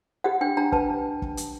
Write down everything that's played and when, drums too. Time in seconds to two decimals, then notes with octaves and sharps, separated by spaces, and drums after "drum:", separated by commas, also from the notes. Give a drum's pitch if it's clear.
0.24 G4 F#5
0.41 D4 G5
0.57 D4 A#5
0.72 B4 A5, drum: kick
1.22 drum: kick
1.37 drum: hi-hat